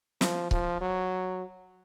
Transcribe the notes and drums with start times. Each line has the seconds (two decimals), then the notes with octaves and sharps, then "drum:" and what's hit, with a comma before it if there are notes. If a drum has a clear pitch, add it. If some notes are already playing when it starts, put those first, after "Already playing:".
0.21 F3, drum: snare
0.51 F3, drum: kick C#1
0.81 F#3